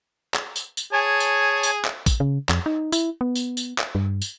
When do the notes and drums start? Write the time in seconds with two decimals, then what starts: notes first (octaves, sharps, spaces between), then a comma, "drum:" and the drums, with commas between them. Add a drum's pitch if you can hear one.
0.34 drum: clap
0.56 drum: tambourine
0.77 drum: tambourine
0.92 G#4 C#5 G#5 A5
1.20 drum: tambourine
1.63 drum: tambourine
1.85 drum: clap
2.06 drum: kick, tambourine
2.20 C#3
2.49 F2, drum: clap
2.66 D#4
2.92 E4, drum: tambourine
3.21 B3
3.35 drum: tambourine
3.57 drum: tambourine
3.79 drum: clap
3.95 G2
4.22 drum: tambourine